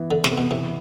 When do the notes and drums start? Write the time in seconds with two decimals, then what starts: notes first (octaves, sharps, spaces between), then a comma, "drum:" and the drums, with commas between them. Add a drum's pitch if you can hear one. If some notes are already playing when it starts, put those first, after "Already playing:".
Already playing: E3 B3
0.11 D3 E3
0.24 C3, drum: snare
0.31 B3
0.38 B2
0.51 C3 E3